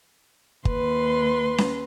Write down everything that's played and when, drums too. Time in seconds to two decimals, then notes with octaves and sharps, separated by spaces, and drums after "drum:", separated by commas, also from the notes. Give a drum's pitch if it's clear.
0.65 D#2 B4 C6, drum: kick G1
1.58 drum: snare C#4